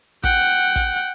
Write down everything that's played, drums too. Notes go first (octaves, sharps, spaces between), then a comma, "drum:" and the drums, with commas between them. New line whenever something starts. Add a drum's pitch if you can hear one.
F#5 G5, drum: kick
drum: open hi-hat
drum: kick, hi-hat